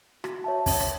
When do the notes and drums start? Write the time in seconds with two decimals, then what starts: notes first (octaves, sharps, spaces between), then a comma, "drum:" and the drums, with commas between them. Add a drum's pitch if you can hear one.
0.24 F#4, drum: rim click
0.44 C#5 E5 A5
0.66 C#4, drum: kick, open hi-hat
0.80 drum: rim click